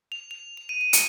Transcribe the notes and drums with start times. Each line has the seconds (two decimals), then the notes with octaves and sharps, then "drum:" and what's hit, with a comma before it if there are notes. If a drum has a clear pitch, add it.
0.12 F7
0.31 F7
0.57 F7
0.69 D#7
0.81 D#7
0.93 C#7, drum: hi-hat